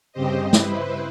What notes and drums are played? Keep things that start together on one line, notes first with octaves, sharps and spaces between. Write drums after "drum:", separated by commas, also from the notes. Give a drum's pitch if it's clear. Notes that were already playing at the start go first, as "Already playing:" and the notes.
G2 C#3 C4 G4 C5 D#5
E4 B4 C5, drum: snare